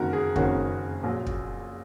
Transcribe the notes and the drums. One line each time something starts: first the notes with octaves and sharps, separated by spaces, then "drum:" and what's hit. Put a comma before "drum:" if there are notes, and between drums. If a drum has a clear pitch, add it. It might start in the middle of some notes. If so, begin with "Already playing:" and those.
Already playing: F#1 F2 D#3 A#3 F#4 A#4
G#4
F#1 F2 D#3 A#3 C#4 F#4, drum: kick
A#1 A#2 F#3
drum: kick